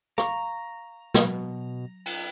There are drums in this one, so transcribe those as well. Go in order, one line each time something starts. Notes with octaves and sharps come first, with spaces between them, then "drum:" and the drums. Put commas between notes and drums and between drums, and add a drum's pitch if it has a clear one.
F5 A#5 C#6, drum: rim click
B2 F#3 D#6, drum: snare
drum: cymbal